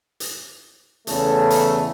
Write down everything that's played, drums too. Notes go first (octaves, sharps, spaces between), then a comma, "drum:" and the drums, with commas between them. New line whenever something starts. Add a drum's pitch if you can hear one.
drum: hi-hat
E2 C#3 A3 A4, drum: hi-hat
drum: hi-hat